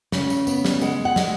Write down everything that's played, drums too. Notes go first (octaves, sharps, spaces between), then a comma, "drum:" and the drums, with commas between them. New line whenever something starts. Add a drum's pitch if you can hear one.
C#3, drum: snare
drum: tambourine
B3, drum: tambourine
drum: snare
G#3 F#5, drum: tambourine
F#5
G#3, drum: snare